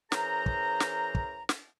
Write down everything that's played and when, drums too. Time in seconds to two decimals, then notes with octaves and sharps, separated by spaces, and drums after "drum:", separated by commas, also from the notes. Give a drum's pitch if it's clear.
0.12 E3 C#4 G#4 A#4 C5 A#5, drum: snare
0.46 drum: kick
0.80 drum: snare
1.15 drum: kick
1.49 drum: snare